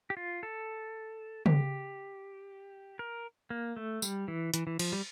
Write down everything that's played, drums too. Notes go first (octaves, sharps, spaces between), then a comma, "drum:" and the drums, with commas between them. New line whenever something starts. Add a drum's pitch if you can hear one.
G4
F4
A4
G4, drum: tom C#3
A#4
A#3
A3
G3, drum: tambourine
E3
E3, drum: hi-hat
E3
F3, drum: cymbal
G3